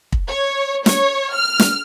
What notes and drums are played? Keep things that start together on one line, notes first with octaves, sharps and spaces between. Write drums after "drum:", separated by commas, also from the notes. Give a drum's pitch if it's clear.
drum: kick
C#5
C#5, drum: snare
F6
drum: snare